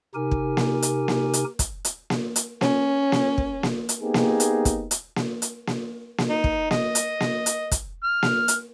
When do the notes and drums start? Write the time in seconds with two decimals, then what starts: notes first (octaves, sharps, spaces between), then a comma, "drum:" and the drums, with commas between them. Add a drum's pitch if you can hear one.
0.15 C3 D#4 G4 A#4 G#5
0.31 drum: kick
0.57 drum: snare A#3
0.82 drum: hi-hat
1.08 drum: snare A#3
1.33 drum: hi-hat
1.59 drum: kick, hi-hat
1.85 drum: hi-hat
2.10 drum: snare A#3
2.36 drum: hi-hat
2.61 C#4, drum: snare A#3
3.12 drum: snare A#3
3.38 drum: kick
3.63 drum: snare A#3
3.89 drum: hi-hat
4.02 A#3 B3 D#4 G4 G#4
4.14 drum: snare A#3
4.40 drum: hi-hat
4.65 drum: kick, hi-hat
4.91 drum: hi-hat
5.16 drum: snare A#3
5.42 drum: hi-hat
5.67 drum: snare A#3
6.18 drum: snare A#3
6.30 D#4
6.44 drum: kick
6.71 D#5, drum: snare A#3
6.95 drum: hi-hat
7.20 drum: snare A#3
7.46 drum: hi-hat
7.71 drum: kick, hi-hat
8.04 F6
8.23 drum: snare A#3
8.48 drum: hi-hat